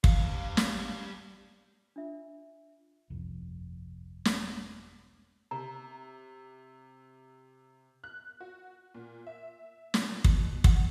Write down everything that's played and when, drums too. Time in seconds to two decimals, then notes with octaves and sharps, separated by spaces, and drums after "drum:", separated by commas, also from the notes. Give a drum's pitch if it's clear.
0.04 G3 F5, drum: kick
0.57 drum: snare
1.96 D4 F4 E5
3.10 G1 C2 F2
4.25 drum: snare
5.51 C3 A#5
8.04 F#6
8.41 F#4
8.95 A#2
9.27 E5
9.94 A#2, drum: snare
10.24 B2, drum: kick
10.64 F#5, drum: kick